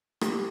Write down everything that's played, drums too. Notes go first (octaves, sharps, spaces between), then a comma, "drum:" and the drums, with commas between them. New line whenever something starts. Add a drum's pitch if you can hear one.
G4, drum: rim click